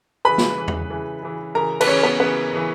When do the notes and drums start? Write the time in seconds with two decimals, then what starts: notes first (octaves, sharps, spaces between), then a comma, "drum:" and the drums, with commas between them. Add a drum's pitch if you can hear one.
0.25 C#3 E3 B4 B5
0.38 drum: snare
0.58 C#3 E3
0.68 drum: tom E2
0.90 C#3 E3
1.22 C#3 E3
1.55 C#3 E3 A#4 A#5
1.81 B4, drum: cymbal
1.87 C#3 E3 C#4 C#5
2.03 B3 B4
2.20 C#3 E3 B3 B4
2.52 C#3 E3